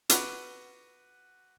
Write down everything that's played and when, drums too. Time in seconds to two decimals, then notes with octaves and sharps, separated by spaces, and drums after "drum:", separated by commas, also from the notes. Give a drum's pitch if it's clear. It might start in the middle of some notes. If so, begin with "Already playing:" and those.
0.09 F#4 B4 C#6 D6, drum: hi-hat